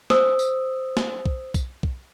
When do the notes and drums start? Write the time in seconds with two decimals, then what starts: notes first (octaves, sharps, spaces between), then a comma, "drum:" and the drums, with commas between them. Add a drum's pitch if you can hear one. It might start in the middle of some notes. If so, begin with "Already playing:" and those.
0.10 C5 D#6 E6, drum: snare
0.39 drum: tambourine
0.97 drum: snare
1.26 drum: kick
1.54 drum: kick, tambourine
1.83 drum: kick